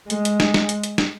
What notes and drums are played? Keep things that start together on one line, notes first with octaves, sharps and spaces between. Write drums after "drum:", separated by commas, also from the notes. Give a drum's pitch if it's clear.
G#3, drum: hi-hat
drum: hi-hat
drum: snare
drum: snare
drum: hi-hat
drum: hi-hat
drum: snare